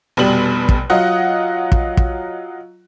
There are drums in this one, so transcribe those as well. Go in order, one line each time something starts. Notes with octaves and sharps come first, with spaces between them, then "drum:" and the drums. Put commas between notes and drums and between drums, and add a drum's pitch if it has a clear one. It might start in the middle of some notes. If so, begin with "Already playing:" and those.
F1 B2 G3 F#7
drum: kick
F#3 F4 D#5 F#5
drum: kick
drum: kick